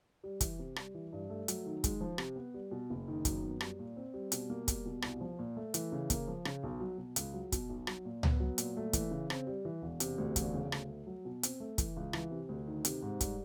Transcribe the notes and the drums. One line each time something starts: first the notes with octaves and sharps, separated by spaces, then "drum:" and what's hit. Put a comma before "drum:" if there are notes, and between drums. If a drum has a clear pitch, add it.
G3
E3, drum: kick, hi-hat
C3
G3, drum: rim click
E3
G2
A3
F#3, drum: hi-hat
D#3
G#3, drum: kick, hi-hat
F3
C3, drum: rim click
B3
G3
B2
F#1
D#3
F#2, drum: kick, hi-hat
B3
G3, drum: rim click
A#2
C4
G3
B2, drum: hi-hat
A#3
G3, drum: kick, hi-hat
B2
C2, drum: rim click
F3
A#2
A3
E3, drum: hi-hat
C#3
A#3, drum: kick, hi-hat
F3
C#3, drum: rim click
B1
F#3
B2
C#2, drum: hi-hat
F#3
B2, drum: kick, hi-hat
B1
F#3, drum: rim click
A#2
B3, drum: tom C#2
F#3
A#2, drum: hi-hat
A3
E3, drum: kick, hi-hat
C#3
C4, drum: rim click
G3
E3
E1
C3, drum: hi-hat
D2
E1, drum: kick, hi-hat
C#3
D2, drum: rim click
A3
F#3
B2
C4, drum: hi-hat
A3
E3, drum: kick, hi-hat
C#2
E3, drum: rim click
C3
D2
D#3
C3, drum: hi-hat
G#2
G3, drum: kick, hi-hat